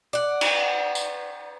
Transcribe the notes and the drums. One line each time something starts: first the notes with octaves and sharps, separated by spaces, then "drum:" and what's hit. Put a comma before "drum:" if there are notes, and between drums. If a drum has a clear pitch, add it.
D5 F#5
drum: cymbal
drum: tambourine